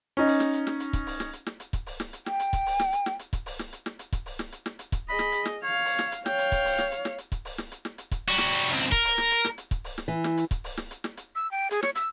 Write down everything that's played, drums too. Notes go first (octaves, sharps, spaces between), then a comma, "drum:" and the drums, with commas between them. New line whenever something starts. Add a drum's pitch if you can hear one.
C#4 D#4
drum: open hi-hat
drum: snare
drum: hi-hat
drum: snare
drum: hi-hat
drum: kick, hi-hat
drum: open hi-hat
drum: snare
drum: hi-hat
drum: snare
drum: hi-hat
drum: kick, hi-hat
drum: open hi-hat
drum: snare
drum: hi-hat
G5, drum: snare
drum: hi-hat
drum: kick, hi-hat
drum: open hi-hat
drum: snare
drum: hi-hat
drum: snare
drum: hi-hat
drum: kick, hi-hat
drum: open hi-hat
drum: snare
drum: hi-hat
drum: snare
drum: hi-hat
drum: kick, hi-hat
drum: open hi-hat
drum: snare
drum: hi-hat
drum: snare
drum: hi-hat
drum: kick, hi-hat
G#4 D#5 B5
drum: snare
drum: hi-hat
drum: snare
C#5 F5
drum: open hi-hat
drum: snare
drum: hi-hat
C#5 F5 G5, drum: snare
drum: hi-hat
drum: kick, hi-hat
drum: open hi-hat
drum: snare
drum: hi-hat
drum: snare
drum: hi-hat
drum: kick, hi-hat
drum: open hi-hat
drum: snare
drum: hi-hat
drum: snare
drum: hi-hat
drum: kick, hi-hat
G3 F#4
drum: snare
drum: hi-hat
C#2 C4
A#4, drum: kick, hi-hat
drum: open hi-hat
drum: snare
drum: hi-hat
drum: snare
drum: hi-hat
drum: kick, hi-hat
drum: open hi-hat
drum: snare
E3
drum: snare
drum: hi-hat
drum: kick, hi-hat
drum: open hi-hat
drum: snare
drum: hi-hat
drum: snare
drum: hi-hat
E6
G5
G#4, drum: hi-hat
C#5, drum: snare
E6, drum: hi-hat